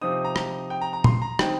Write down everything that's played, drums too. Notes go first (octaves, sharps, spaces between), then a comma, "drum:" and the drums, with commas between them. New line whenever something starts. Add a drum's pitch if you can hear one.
C3 F3 C4 D#4 D#6
A#5
drum: rim click
G5
A#5
A#5
C6, drum: tom
A#5
D#3 C4 D#4 G5, drum: rim click